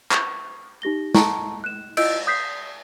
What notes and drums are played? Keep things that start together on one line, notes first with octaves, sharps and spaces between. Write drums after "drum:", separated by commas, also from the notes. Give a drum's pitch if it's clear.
C#6, drum: clap
D#4 G4 A#6 G7
A5 A#5 C#6, drum: snare
F#6 E7
E4 F4 D#5 E6 G6 D7, drum: cymbal
D#6 G6 B6 C7